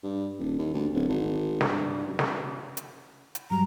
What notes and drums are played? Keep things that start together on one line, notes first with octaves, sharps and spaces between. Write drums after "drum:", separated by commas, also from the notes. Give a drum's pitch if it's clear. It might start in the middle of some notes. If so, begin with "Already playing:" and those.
G2
D#1
D#2
D2
D1
G#1
G2, drum: snare
F#2
drum: snare
drum: hi-hat
drum: hi-hat
G2 F#3 G3 A#5